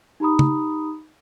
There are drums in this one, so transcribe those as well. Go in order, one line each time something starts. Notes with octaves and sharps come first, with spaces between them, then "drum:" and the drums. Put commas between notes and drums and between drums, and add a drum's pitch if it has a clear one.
D#4 G4 A#5 B5 D#6
drum: tom